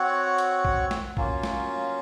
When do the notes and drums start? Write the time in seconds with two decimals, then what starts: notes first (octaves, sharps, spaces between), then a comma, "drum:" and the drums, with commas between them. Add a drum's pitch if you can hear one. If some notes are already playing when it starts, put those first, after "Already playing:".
Already playing: C4 F#4 C#5 F#5
0.38 drum: hi-hat
0.65 drum: kick A#1
0.91 drum: snare
1.17 F#3 A#3 C#4 F4, drum: kick A#1
1.43 drum: snare